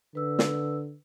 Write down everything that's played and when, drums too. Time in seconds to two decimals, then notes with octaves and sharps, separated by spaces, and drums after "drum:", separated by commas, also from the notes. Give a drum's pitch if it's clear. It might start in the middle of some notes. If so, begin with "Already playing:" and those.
0.15 D3 B4 E6
0.39 drum: snare